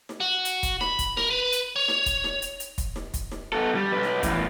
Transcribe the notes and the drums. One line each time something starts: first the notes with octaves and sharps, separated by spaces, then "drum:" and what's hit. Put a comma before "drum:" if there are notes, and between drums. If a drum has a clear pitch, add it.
drum: snare D#4
F#4
drum: hi-hat
drum: kick, hi-hat
B5, drum: snare D#4
drum: kick, hi-hat
A#4, drum: snare D#4
B4
drum: hi-hat
C#5
drum: snare D#4
drum: kick, hi-hat
drum: snare D#4
drum: hi-hat
drum: hi-hat
drum: kick, hi-hat
drum: snare D#4
drum: kick, hi-hat
drum: snare D#4
B3 A4
G3
B1 B4
drum: snare D#4
E2 A2, drum: kick, hi-hat